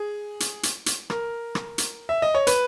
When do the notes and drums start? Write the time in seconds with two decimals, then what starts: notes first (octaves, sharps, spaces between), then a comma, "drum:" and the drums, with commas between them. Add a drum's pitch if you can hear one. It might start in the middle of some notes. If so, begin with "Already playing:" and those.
Already playing: G#4
0.40 drum: hi-hat
0.63 drum: hi-hat
0.86 drum: hi-hat
1.10 A#4, drum: rim click
1.55 drum: rim click
1.78 drum: hi-hat
2.09 E5
2.22 D#5
2.35 C#5
2.47 B4, drum: hi-hat